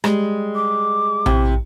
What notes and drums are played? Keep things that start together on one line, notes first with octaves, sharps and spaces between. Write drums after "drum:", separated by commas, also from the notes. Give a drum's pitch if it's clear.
G3 G#3, drum: rim click
D6
C3 E4, drum: tom A#1